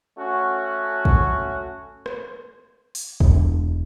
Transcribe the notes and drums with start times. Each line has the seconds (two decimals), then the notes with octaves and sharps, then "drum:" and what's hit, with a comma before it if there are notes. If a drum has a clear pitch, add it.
0.18 A3 C#4 F#4
1.05 drum: kick
2.06 drum: rim click
2.95 drum: open hi-hat
3.20 E1, drum: kick